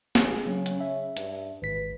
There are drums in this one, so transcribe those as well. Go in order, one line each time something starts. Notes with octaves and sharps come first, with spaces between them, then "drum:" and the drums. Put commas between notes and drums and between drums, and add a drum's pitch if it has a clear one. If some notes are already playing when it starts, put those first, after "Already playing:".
G#4, drum: snare
C#3 F#3 C#4
drum: hi-hat
E5
G2, drum: hi-hat
G#1 B4 B6